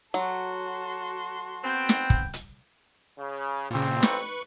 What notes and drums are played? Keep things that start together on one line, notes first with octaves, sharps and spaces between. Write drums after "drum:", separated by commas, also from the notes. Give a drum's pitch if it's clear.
F#3 F#4 A4 C6
B3 C4 G5
drum: snare
drum: kick
drum: hi-hat
C#3
A1 A#2 C#3 C4
B4 C#6, drum: snare